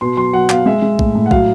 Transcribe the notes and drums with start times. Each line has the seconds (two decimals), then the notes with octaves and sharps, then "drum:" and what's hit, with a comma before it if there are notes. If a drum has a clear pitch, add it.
0.01 B2 C6
0.17 F#3 C6
0.33 F#3 F#5
0.50 B2 F5, drum: clap
0.66 G#3 E5
0.82 G#3
0.99 A2, drum: kick A#1
1.15 A2
1.26 F#5
1.31 F#3 F5, drum: kick A#1